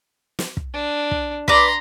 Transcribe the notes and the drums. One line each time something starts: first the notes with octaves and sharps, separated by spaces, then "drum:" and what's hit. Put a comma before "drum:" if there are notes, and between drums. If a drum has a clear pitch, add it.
drum: snare
drum: kick
D4
drum: kick
B4 D5 A#5 C6, drum: kick